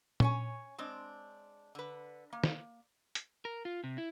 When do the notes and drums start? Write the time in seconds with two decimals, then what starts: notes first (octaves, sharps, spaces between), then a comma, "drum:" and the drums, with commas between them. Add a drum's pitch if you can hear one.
0.20 C#4 C#5 G#5, drum: tom A#2
0.78 G#3 C4 D4
1.75 D3 B4
2.33 A#3
2.44 drum: snare
3.15 drum: hi-hat
3.45 A#4
3.65 F4
3.84 C3
3.98 E4